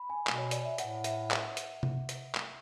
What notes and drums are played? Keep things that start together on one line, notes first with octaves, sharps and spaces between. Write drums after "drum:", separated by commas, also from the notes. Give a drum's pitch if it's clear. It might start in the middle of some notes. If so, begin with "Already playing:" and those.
Already playing: B5
G#5
B2, drum: clap
C#5
D5, drum: hi-hat
E5
A2 F#5, drum: hi-hat
E5, drum: hi-hat
drum: clap
drum: hi-hat
drum: tom C3
drum: hi-hat
drum: clap